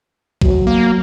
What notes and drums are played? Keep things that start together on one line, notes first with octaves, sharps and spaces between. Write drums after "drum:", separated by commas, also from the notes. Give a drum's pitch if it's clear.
F#3, drum: kick B1
A#3